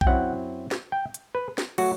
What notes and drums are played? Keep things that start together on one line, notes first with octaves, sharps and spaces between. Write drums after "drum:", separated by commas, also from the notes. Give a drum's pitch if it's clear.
G5, drum: kick B1
F#2 F#3 C4 E4 F#5
drum: snare
G5
drum: hi-hat
B4
drum: snare
F#3 A3 F#4, drum: cymbal